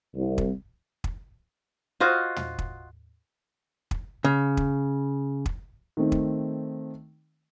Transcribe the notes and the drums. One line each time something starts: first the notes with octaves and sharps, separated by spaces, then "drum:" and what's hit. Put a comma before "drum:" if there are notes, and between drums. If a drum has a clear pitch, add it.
C2
drum: kick
drum: kick
F4 F#4 C5 D#5
drum: tom
drum: kick
drum: kick
C#3
drum: kick
drum: kick
D#3 A3 C4
drum: kick